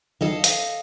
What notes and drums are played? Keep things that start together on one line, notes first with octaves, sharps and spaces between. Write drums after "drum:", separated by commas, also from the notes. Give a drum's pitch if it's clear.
A4 D#5 F5
drum: hi-hat